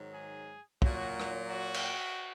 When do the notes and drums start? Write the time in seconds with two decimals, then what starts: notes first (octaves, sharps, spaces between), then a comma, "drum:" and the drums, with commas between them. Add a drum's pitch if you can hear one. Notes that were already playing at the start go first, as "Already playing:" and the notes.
Already playing: G#2 D#3 F#3
0.14 G#4
0.82 A#2 F#3 F#4, drum: kick
1.20 drum: rim click
1.50 F#4
1.74 drum: cymbal